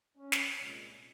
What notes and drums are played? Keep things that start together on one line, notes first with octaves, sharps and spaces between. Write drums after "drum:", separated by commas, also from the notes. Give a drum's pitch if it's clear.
C#4
drum: snare
C2 A#2 F3 G#3